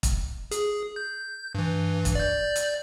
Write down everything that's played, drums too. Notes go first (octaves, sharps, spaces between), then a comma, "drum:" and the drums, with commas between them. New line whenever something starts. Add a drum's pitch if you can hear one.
drum: kick, hi-hat
G#4, drum: hi-hat
G6
G2 E3
drum: kick, hi-hat
D5 G6
drum: hi-hat